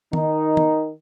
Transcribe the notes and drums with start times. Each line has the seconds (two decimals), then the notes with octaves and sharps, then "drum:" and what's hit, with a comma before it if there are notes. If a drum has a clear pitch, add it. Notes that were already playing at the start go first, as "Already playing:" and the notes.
0.13 D#3 D#4, drum: tom D#3
0.57 drum: tom D#3